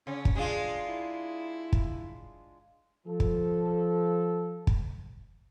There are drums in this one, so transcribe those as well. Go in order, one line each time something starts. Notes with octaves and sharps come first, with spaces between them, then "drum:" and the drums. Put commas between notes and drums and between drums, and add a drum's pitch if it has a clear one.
C#3 C#4
drum: kick
G#3 D4 F4 G#4
E4
drum: kick
F3 A4
drum: kick
drum: kick